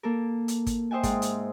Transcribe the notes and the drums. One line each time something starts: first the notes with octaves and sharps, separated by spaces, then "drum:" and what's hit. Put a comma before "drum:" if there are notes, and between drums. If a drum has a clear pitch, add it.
A#3 A4 A#4
drum: hi-hat
drum: kick, hi-hat
C5 D#5 E5 G5 G#5
G#2, drum: kick, hi-hat
drum: hi-hat